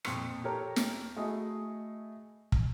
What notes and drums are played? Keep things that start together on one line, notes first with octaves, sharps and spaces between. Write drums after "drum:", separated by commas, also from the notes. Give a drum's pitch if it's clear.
F2 A#2 C6 C#6 C#7, drum: rim click
G4 A4 A#4 C#5 A#5
drum: snare
A3 E4 F#4 G#4 D#5
drum: kick